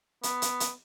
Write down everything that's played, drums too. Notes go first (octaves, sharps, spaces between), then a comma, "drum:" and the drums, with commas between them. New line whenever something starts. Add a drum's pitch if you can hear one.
B3, drum: hi-hat
drum: hi-hat
drum: hi-hat